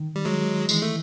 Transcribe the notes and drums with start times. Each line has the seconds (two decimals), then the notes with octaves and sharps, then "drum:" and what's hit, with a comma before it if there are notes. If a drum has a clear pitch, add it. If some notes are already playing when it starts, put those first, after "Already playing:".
Already playing: D#3
0.16 G3
0.25 F#3 G#3
0.69 E3 G#3, drum: tambourine
0.82 A3